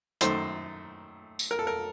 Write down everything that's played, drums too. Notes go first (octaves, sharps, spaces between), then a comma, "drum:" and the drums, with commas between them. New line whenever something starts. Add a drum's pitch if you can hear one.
F#2 D#3 A3 C5, drum: hi-hat
drum: tambourine
A#4
A4
A#4